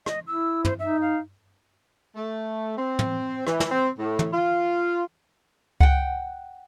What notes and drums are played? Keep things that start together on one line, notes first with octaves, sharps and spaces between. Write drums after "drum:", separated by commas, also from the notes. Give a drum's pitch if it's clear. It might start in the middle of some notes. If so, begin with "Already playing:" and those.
D#5, drum: rim click
E4 E6
C5, drum: tom
D#4 E5
F5
A3
C4
drum: tom
E3, drum: rim click
drum: snare
C4
A2
drum: tom
F4
F#5 G5, drum: kick C#2